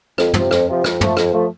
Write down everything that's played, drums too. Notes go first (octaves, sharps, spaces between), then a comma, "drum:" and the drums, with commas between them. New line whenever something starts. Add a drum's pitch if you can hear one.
F2, drum: rim click
C3 F3, drum: tom
F2, drum: rim click
C3 F3
F2, drum: rim click
F3 A3, drum: tom
F2, drum: rim click
F3 A3